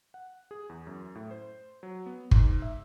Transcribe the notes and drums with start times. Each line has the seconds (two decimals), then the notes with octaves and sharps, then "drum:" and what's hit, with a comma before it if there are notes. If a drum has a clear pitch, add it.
0.14 F#5
0.51 G#4
0.69 E2
0.87 F#2
1.15 A2
1.31 C5
1.83 F#3
2.06 B3
2.31 G#2, drum: kick
2.62 E5